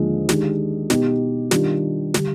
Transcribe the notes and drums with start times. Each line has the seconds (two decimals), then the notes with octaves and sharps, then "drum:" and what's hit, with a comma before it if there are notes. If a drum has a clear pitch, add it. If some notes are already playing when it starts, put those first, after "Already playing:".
Already playing: D#2 D3 F3 G#3 D4
0.29 D#3 G#3 D4 G4, drum: snare
0.90 B2 B3 D#4 G4, drum: snare
1.51 D#3 G3 D4 F4, drum: snare
2.14 D3 G3, drum: snare